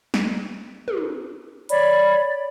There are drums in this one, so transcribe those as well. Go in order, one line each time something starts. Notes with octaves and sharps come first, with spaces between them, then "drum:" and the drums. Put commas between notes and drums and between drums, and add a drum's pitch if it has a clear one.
drum: snare
drum: tom
C#5 D5 B5, drum: hi-hat